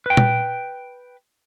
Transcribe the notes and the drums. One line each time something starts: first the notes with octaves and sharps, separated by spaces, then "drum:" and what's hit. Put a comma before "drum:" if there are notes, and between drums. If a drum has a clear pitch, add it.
B4 G5
drum: tom A#2